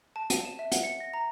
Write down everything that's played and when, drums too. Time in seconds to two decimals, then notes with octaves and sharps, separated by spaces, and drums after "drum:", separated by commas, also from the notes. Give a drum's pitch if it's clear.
0.16 A5
0.30 D#7, drum: hi-hat
0.45 E7
0.59 E5
0.72 F#5, drum: hi-hat
0.84 C#7
1.00 A#6
1.14 A#5